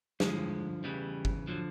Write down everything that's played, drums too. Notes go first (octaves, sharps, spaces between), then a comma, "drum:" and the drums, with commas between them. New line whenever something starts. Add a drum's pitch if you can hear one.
G2 D3 F3 G#3, drum: snare
E2 C#3 E3 G3
drum: kick G1
D3 F3 F#3